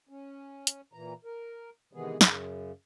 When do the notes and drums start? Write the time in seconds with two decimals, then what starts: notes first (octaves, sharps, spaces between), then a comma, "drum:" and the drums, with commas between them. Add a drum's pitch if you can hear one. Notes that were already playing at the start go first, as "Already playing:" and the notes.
0.09 C#4
0.67 drum: hi-hat
0.93 A#2 E3 A#5
1.25 A#4
1.93 C3 D#3 E3 G#3 B3 G#4
2.21 F#2 C#3, drum: snare